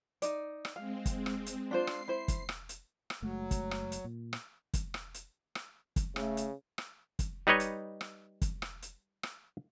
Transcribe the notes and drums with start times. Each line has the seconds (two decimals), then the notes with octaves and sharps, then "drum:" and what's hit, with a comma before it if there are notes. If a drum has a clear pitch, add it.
0.22 D#4 D5, drum: hi-hat
0.65 drum: rim click
0.76 G#3 C4 F5
1.06 drum: kick, hi-hat
1.26 drum: rim click
1.46 drum: hi-hat
1.71 D4 F4 C5 C7
1.87 drum: rim click
2.08 E4 C5
2.28 drum: kick, hi-hat
2.49 drum: rim click
2.69 drum: hi-hat
3.10 drum: rim click
3.22 F#1 F#3 G#3 A3
3.51 drum: kick, hi-hat
3.71 drum: rim click
3.92 drum: hi-hat
4.04 A#2
4.33 drum: rim click
4.74 drum: kick, hi-hat
4.94 drum: rim click
5.14 drum: hi-hat
5.55 drum: rim click
5.96 drum: kick, hi-hat
6.16 C#3 A3, drum: rim click
6.37 drum: hi-hat
6.78 drum: rim click
7.19 drum: kick, hi-hat
7.47 G3 D#4 B4 C#5 D#5
7.60 drum: hi-hat
8.01 drum: rim click
8.41 drum: kick, hi-hat
8.62 drum: rim click
8.82 drum: hi-hat
9.23 drum: rim click